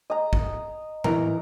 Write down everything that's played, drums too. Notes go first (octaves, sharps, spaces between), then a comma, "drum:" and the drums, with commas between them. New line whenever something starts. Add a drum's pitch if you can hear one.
D#5 A#5
drum: kick
E3 A#4 A#5, drum: tom A2